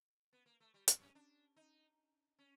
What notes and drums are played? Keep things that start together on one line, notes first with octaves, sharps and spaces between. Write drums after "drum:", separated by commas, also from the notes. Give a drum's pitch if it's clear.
B3
A#3
A3
G3
C4, drum: hi-hat
C#4
D4
D#4
C#4